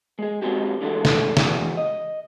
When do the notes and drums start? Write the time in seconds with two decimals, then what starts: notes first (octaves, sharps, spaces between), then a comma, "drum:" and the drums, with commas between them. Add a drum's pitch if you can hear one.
0.19 G#3 G#4
0.42 G#3 A#3 C4 D#4 F#4 G4
0.81 C#3 E3 G#3 A3 D4 A4
1.05 drum: snare
1.37 E3 G#3, drum: snare
1.77 D#5